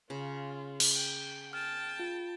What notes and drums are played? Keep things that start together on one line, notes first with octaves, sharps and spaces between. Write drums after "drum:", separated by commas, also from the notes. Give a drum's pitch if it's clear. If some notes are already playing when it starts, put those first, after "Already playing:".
C#3 F4
drum: cymbal
G5
G5 A5 F6
F4